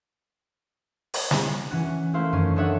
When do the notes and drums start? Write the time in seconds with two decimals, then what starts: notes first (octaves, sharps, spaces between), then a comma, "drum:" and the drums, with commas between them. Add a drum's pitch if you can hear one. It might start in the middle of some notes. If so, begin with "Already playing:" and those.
1.14 drum: open hi-hat
1.31 drum: snare
1.71 E3 C#4 F#4
2.13 A3 A#3 E4 C5 F5
2.33 F#2 D#3 C#4
2.56 D4 D#4 A4 C#5 E5 F#5